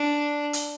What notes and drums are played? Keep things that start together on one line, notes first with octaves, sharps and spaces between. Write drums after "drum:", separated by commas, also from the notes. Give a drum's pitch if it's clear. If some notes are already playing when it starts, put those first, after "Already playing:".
Already playing: D4
drum: hi-hat